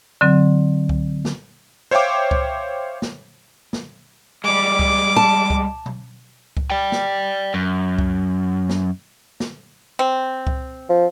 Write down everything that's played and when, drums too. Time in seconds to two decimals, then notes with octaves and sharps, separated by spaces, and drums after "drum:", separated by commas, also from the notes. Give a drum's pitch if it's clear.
0.21 D3 F#3 C4, drum: tom
0.89 drum: kick C#2
1.25 drum: snare
1.91 C5 C#5 E5 F5 G5 D6
2.31 drum: kick C#2
3.02 drum: snare
3.73 drum: snare
4.44 G3 G#3 D6
4.79 drum: kick C#2
5.16 A5
5.50 drum: kick C#2
5.86 drum: tom B2
6.57 drum: kick C#2
6.71 D5 G5
6.92 drum: snare
7.54 F#2
7.98 drum: kick C#2
8.69 drum: snare
9.40 drum: snare
9.99 C4
10.47 drum: kick C#2
10.89 F3